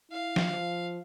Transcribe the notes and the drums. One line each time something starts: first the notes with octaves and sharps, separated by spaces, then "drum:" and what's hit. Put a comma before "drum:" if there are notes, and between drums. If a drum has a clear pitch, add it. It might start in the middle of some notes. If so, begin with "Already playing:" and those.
E4 F5
drum: snare
F3